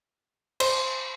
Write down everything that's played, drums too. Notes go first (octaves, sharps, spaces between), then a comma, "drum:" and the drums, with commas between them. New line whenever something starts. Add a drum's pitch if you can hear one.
C5, drum: cymbal